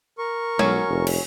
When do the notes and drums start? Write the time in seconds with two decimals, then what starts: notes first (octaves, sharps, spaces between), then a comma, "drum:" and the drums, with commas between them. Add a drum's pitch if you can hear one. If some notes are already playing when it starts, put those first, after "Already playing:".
0.18 A#4 C#6
0.59 B1 F#3 C#4, drum: tom G#3
0.89 F1
1.07 drum: cymbal